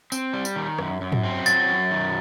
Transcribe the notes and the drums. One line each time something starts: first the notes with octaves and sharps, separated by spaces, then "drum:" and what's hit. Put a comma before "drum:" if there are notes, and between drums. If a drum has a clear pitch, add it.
C4, drum: tambourine
G3
drum: tambourine
D#3
F#2, drum: rim click
F#2
drum: tom
C4
F#3 A6, drum: tambourine
F#2
D#3